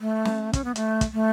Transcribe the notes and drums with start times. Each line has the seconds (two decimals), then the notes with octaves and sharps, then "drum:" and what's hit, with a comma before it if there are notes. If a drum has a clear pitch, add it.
0.01 A3
0.26 drum: snare
0.53 C#4, drum: kick, hi-hat
0.64 B3
0.76 A3, drum: hi-hat
1.01 drum: kick, hi-hat
1.13 A3